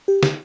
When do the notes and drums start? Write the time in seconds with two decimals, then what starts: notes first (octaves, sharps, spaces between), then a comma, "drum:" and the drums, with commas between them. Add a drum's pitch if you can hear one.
0.08 G4
0.23 G4, drum: snare